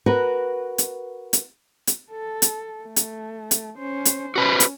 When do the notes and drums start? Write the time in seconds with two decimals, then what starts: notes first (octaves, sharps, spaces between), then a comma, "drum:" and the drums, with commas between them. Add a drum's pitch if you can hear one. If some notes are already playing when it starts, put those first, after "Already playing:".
0.06 F#4 A#4 B4
0.78 drum: hi-hat
1.33 drum: hi-hat
1.87 drum: hi-hat
2.11 A4
2.42 drum: hi-hat
2.83 A3
2.96 drum: hi-hat
3.51 drum: hi-hat
3.78 C#4 C5
4.05 drum: hi-hat
4.36 C#4 F#4 B4 C5
4.60 drum: hi-hat